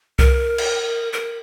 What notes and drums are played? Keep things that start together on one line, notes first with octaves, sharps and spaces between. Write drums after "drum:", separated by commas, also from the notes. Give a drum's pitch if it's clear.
A#4, drum: kick C2
drum: cymbal
A#4